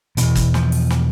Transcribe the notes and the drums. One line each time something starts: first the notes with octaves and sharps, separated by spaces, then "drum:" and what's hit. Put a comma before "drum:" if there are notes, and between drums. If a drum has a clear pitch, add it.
E2 B2 E3, drum: hi-hat
drum: kick, hi-hat
F3, drum: snare
drum: open hi-hat
drum: snare